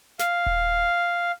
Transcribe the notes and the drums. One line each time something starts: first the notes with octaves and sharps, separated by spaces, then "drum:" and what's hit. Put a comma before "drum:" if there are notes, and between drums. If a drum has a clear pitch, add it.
F5, drum: snare
drum: kick D#1